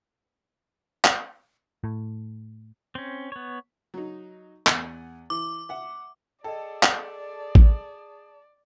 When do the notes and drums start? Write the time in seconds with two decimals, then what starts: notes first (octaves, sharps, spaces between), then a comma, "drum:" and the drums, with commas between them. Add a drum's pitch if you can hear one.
1.04 drum: clap
1.84 A2
2.95 C4 C#4
3.32 B3 C#5
3.94 F#3 D#4
4.67 E2 F#5 G#5, drum: clap
5.30 E3 D6
5.69 E5 F#5
6.44 G#4 A4 D5 D#5 G5 A5
6.83 drum: clap
7.55 drum: kick A1